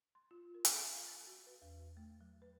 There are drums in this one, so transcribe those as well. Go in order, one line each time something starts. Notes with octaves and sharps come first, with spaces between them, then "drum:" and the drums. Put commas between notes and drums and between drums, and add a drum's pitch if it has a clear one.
C6
F4
A#4
drum: hi-hat
F5
A6
F#4
B4
E2
A3
F#3
B4